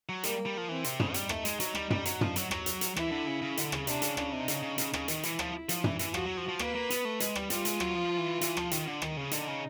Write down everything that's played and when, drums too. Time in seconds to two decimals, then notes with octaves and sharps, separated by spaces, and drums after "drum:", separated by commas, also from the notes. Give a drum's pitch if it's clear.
0.09 F#3
0.23 G3 A#3, drum: hi-hat
0.46 G3
0.57 F3
0.69 E3 C4
0.84 C3, drum: hi-hat
1.00 C#3, drum: tom
1.14 G3 D#4, drum: hi-hat
1.29 A3, drum: rim click
1.45 G#3, drum: hi-hat
1.60 F#3, drum: hi-hat
1.75 G3, drum: rim click
1.90 G3, drum: tom
2.05 F#3, drum: hi-hat
2.21 F3, drum: tom
2.36 F#3, drum: hi-hat
2.51 F#3, drum: rim click
2.66 drum: hi-hat
2.81 drum: hi-hat
2.96 E3 E4, drum: rim click
3.11 D3
3.27 C#3
3.42 C#3
3.57 D3, drum: hi-hat
3.72 C#3, drum: rim click
3.87 C3 D4, drum: hi-hat
4.02 C#3, drum: hi-hat
4.17 C#3, drum: rim click
4.32 C3 D#4
4.48 C#3, drum: hi-hat
4.63 C#3
4.78 C#3, drum: hi-hat
4.93 C#3, drum: rim click
5.08 D#3, drum: hi-hat
5.23 E3 E4, drum: hi-hat
5.39 F3, drum: rim click
5.69 F3, drum: hi-hat
5.84 E3, drum: tom
5.99 E3, drum: hi-hat
6.14 F3 F#4, drum: rim click
6.26 F#3
6.37 F3
6.49 F3
6.59 A#3 B4, drum: rim click
6.75 A#3
6.90 B3, drum: hi-hat
7.05 A3
7.20 G#3, drum: hi-hat
7.35 G3, drum: rim click
7.50 G3 F4, drum: hi-hat
7.65 G#3, drum: hi-hat
7.80 F#3, drum: rim click
7.95 F3
8.18 E3
8.41 E3, drum: hi-hat
8.57 F3, drum: rim click
8.71 D#3, drum: hi-hat
8.87 D3
9.02 D#3, drum: rim click
9.17 C#3
9.31 D3 D#4, drum: hi-hat
9.48 C#3